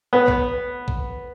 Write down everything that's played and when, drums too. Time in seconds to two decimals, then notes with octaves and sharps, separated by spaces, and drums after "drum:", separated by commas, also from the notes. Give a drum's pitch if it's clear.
0.13 B3
0.28 drum: kick A#1
0.88 drum: kick A#1